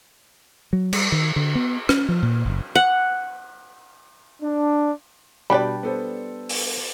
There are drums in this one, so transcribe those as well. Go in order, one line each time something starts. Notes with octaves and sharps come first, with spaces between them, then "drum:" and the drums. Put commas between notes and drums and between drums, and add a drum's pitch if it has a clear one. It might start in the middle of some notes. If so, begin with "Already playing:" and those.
F#3
G3, drum: cymbal
D#3
D3
B3
C#4, drum: rim click
F3
A#2
F#1
F#5
D4
B2 G3 D4 G4 B4 D5 G5 B5
B3 A4 C5
drum: open hi-hat